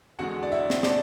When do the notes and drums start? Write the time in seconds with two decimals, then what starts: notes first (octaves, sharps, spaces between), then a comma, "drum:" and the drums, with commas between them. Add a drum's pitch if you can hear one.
0.19 E2 D3 G#3 F#4 F#5
0.43 D5
0.52 E4 E5
0.70 drum: snare
0.83 D4 D5, drum: snare